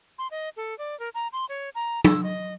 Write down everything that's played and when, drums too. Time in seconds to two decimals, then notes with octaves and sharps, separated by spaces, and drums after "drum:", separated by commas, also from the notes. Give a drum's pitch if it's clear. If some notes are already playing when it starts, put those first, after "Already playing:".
0.18 C6
0.31 D#5
0.57 A4
0.78 D5
0.99 A#4
1.14 A#5
1.33 C6
1.49 C#5
1.75 A#5
2.04 E6, drum: tom
2.23 D#5